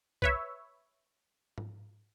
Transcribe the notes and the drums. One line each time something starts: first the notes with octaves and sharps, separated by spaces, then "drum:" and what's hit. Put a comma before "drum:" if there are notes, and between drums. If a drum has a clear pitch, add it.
B4 C#5 E5, drum: kick B1
drum: tom G#2